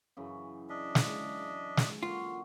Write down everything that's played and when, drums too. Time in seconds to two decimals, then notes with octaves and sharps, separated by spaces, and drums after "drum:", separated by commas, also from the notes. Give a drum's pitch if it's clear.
0.17 F#2 C#3 E3
0.70 D4 D#5 E5
0.95 drum: snare
1.77 drum: snare
2.03 D3 A#3 F4 F#4